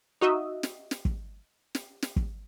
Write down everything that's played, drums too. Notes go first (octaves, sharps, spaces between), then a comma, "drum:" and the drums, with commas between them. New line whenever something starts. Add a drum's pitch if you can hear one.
D#4 F#4 D#5 E5
drum: snare
drum: snare
drum: kick
drum: snare
drum: snare
drum: kick